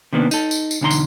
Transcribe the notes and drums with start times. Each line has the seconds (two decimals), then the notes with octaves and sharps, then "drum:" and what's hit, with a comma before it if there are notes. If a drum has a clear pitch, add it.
0.13 C3 D#3 A#3 B3 D4
0.31 D#4 A4, drum: tambourine
0.51 drum: tambourine
0.71 drum: tambourine
0.81 B1 E2 D3 D#4 A#5 C6
0.91 drum: tambourine